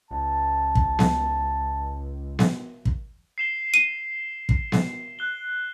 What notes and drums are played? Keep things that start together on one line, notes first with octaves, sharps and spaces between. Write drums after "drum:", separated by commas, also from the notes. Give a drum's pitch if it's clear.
C#2 A5
drum: kick
drum: snare B3
drum: snare B3
drum: kick
C7 E7 G7
D#7
drum: kick
drum: snare B3
F#6 G7